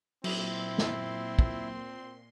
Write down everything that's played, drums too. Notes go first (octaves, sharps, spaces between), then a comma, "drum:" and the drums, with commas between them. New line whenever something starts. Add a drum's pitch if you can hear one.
A#2 F#3 C4 E4 C6, drum: cymbal
drum: snare
drum: kick